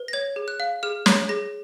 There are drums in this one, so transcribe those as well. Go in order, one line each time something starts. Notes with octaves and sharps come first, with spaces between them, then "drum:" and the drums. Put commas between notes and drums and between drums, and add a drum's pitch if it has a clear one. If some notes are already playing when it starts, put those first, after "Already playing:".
Already playing: B4
A#6
C#5 G#6
G#4
F#6
F5
G#4 F6
C#5 G#6, drum: snare
G#4 A#6